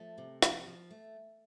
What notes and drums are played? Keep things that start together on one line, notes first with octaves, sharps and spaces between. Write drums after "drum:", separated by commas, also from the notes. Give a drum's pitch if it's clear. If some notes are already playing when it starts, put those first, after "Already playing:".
Already playing: F3 A3
C3
F3, drum: rim click
F3
A3